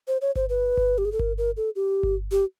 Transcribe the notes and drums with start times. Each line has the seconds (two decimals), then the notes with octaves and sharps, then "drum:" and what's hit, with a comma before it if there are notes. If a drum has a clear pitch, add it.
0.08 C5
0.21 C#5
0.36 C5, drum: kick G1
0.49 B4
0.77 drum: kick G1
0.98 G4
1.05 G#4
1.12 A4
1.19 A#4, drum: kick G1
1.38 A#4
1.57 A4
1.76 G4
2.03 drum: kick G1
2.31 G4